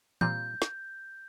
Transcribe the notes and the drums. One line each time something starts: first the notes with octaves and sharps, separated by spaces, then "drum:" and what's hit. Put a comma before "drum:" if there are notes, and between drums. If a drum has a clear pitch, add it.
A#2 G3 C4 F4 G6, drum: tom
drum: snare